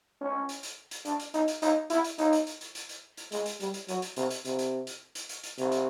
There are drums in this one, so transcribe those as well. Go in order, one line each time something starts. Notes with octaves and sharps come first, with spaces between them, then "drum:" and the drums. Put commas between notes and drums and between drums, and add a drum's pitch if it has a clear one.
C#4
drum: hi-hat
drum: hi-hat
drum: hi-hat
D4, drum: hi-hat
drum: hi-hat
D#4, drum: hi-hat
drum: hi-hat
D#4, drum: hi-hat
E4, drum: hi-hat
drum: hi-hat
D#4, drum: hi-hat
drum: hi-hat
drum: hi-hat
drum: hi-hat
drum: hi-hat
drum: hi-hat
drum: hi-hat
G#3, drum: hi-hat
drum: hi-hat
G3, drum: hi-hat
drum: hi-hat
F#3, drum: hi-hat
drum: hi-hat
C3, drum: hi-hat
drum: hi-hat
C3, drum: hi-hat
drum: hi-hat
drum: hi-hat
drum: hi-hat
drum: hi-hat
drum: hi-hat
C3, drum: hi-hat
drum: hi-hat